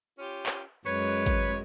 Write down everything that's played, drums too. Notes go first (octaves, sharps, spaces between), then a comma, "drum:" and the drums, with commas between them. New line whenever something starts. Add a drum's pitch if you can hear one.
C#4 F4 G4
drum: clap
F#2 G#3 B4 C#5, drum: open hi-hat
drum: kick, hi-hat